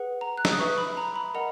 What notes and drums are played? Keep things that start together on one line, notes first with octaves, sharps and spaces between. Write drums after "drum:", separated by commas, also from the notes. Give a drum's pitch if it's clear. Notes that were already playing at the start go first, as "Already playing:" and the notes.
Already playing: G#4 B4 F#5
A#5
F#6
E6, drum: snare
D#6
B4 E5 C#6
B5
A#5
B5
A#4 D#5 F#5 A#5